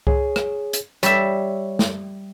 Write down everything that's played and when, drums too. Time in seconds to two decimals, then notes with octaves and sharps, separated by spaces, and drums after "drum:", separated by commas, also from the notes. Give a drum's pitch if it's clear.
0.07 G#4 C#5, drum: kick C2
0.36 drum: rim click
0.73 drum: hi-hat
1.03 G3 C#5 E5, drum: hi-hat
1.79 drum: snare